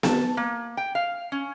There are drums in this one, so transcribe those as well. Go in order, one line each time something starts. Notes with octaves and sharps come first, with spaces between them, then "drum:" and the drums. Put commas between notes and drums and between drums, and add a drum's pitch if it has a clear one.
A5, drum: snare B3
A#3
G5
F5
C#4